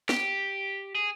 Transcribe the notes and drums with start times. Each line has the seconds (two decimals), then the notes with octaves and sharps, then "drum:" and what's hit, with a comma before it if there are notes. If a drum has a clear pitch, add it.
0.09 G4, drum: snare
0.95 G#4